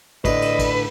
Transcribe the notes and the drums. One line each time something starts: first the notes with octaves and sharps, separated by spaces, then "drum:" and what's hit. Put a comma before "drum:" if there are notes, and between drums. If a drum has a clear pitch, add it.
A2 D3 B4 D5 D#5, drum: kick A1, cymbal
drum: cymbal
drum: kick A1, cymbal